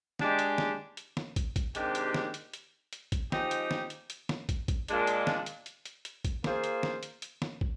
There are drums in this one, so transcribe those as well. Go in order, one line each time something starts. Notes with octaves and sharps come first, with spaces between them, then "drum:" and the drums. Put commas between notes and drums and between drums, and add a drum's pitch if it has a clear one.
G#3 D4 G4, drum: snare
drum: hi-hat
drum: snare
drum: hi-hat
drum: snare
drum: kick, hi-hat
drum: kick, hi-hat
C3 D#3 G#3 D4 G4, drum: hi-hat
drum: hi-hat
drum: snare
drum: hi-hat
drum: hi-hat
drum: hi-hat
drum: kick, hi-hat
F3 G#3 C4 D#4 G4, drum: snare
drum: hi-hat
drum: snare
drum: hi-hat
drum: hi-hat
drum: snare
drum: kick, hi-hat
drum: kick, hi-hat
A#2 G#3 D4, drum: hi-hat
drum: hi-hat
drum: snare
drum: hi-hat
drum: hi-hat
drum: hi-hat
drum: hi-hat
drum: kick, hi-hat
A#3 F4 G#4 C5, drum: snare
drum: hi-hat
drum: snare
drum: hi-hat
drum: hi-hat
drum: snare
drum: kick